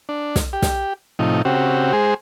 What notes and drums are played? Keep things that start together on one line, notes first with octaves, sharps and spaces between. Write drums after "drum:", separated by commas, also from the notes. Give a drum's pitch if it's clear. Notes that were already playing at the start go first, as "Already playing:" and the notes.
D4
drum: snare
G4
drum: snare
A2 C3 F3 D#4
C#3 C4 F#4 G4
G#3 G#4 C5